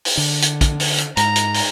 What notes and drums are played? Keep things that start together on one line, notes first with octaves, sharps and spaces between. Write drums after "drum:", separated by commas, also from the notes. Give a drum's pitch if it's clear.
drum: open hi-hat
D3
drum: hi-hat
drum: kick, hi-hat
drum: open hi-hat
drum: hi-hat
G#2 A#5, drum: hi-hat
drum: hi-hat
drum: open hi-hat